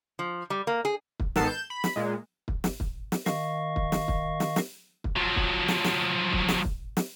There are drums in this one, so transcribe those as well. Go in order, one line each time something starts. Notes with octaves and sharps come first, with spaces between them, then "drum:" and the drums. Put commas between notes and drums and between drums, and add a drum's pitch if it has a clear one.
F3
G3
A#3
G#4
drum: kick
G#2 D#3 B3 A4 A5 C7, drum: snare
G6 E7
B5
drum: snare
A#2 G#3
drum: kick
drum: snare
drum: kick
drum: snare
D#3 D#5 F5 C#6, drum: snare
drum: kick
drum: snare
drum: kick
drum: snare
drum: snare
drum: kick
F3 F#3
drum: kick
drum: snare
drum: snare
drum: kick
drum: snare
drum: kick
drum: snare